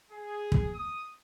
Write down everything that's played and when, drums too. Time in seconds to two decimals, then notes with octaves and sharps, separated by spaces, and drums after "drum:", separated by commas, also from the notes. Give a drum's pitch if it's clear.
0.11 G#4
0.52 drum: kick
0.74 D#6